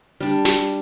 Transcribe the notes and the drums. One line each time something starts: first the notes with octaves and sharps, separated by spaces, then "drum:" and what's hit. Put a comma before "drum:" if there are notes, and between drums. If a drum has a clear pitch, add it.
G3 D4
drum: snare